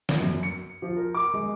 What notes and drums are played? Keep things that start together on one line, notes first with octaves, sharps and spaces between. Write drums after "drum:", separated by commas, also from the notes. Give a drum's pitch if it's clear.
drum: snare
F#2
C#7
F3
A#4
D6
G#3